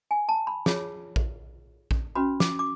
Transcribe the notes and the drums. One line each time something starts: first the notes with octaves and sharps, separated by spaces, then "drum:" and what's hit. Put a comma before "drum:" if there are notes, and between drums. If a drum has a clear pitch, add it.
G#5
A5
B5
F4 G#4 C#5, drum: snare
drum: kick A#1
drum: kick A#1
C#4 F#4 B4 B5
D6, drum: snare
D6